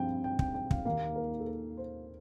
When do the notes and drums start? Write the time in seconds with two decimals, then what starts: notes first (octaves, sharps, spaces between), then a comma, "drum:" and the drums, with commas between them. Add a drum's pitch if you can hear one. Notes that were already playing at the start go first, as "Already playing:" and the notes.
Already playing: G2 F3 C4 G5
0.24 G5
0.39 G5, drum: kick
0.54 G5
0.71 F5, drum: kick
0.85 D#2 D#3 A#3 F5
1.16 A#4
1.40 A4
1.47 A#4
1.77 C5